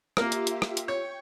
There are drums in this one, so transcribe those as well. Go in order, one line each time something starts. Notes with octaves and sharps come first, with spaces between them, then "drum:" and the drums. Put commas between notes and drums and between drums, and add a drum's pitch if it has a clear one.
A#3 F4 G4 A#4 E5, drum: rim click
drum: hi-hat
drum: hi-hat
drum: rim click
drum: hi-hat
C#5 G5 C#6